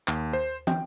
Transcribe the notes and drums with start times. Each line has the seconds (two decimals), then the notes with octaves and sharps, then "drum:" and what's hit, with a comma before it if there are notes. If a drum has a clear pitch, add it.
0.08 D#2, drum: clap
0.33 C5
0.67 G5, drum: tom